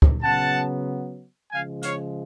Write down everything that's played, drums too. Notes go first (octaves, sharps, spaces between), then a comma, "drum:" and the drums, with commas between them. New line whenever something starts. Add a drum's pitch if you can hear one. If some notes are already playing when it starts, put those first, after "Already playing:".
drum: kick D2
C#3 F#3 B3 F#5 A5
C#3 F3 G#3 F5 G#5
C#5 F5, drum: hi-hat